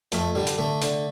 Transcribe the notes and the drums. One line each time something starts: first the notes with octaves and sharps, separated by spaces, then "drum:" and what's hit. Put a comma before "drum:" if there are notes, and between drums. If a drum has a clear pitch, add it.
F2 A3, drum: hi-hat
D3 G3
drum: hi-hat
D3 A3
D3, drum: hi-hat